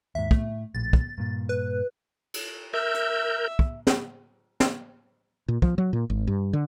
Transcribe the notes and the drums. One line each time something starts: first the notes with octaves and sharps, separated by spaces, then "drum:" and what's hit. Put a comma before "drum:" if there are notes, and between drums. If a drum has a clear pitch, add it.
D#2 G#2 E5
A2 A3, drum: kick
A#1 A2 A6
drum: kick
G2 A#2
B4
drum: cymbal
A#4 E5 G6
drum: hi-hat
drum: kick
drum: snare
drum: snare
A#2
F3, drum: kick
F#3
A#2
G#1
G2
D3